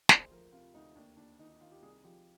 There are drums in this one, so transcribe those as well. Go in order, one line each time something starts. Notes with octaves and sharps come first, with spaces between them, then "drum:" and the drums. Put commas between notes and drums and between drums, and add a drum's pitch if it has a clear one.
D2 G#4, drum: snare
C5
F3 A#4
C3 F4
D2 D#4
D#2 D4
D#2 D4
D#3 D#4
D#4
D#3 F4
G4
C2 G#4
F3 G4